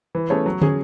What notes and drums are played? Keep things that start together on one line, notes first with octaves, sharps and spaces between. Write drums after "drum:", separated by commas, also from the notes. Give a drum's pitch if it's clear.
E3
A3 C#4 G#4 C#5
F#3
C#4 G#4, drum: tom